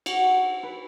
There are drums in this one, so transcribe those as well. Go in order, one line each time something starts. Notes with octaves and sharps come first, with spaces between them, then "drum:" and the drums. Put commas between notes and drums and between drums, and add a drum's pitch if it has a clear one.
F#4, drum: cymbal
B4